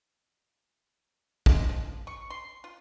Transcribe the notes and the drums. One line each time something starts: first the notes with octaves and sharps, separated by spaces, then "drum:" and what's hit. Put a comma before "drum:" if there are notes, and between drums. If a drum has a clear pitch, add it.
G#3, drum: kick
F3
C#6
C6
F4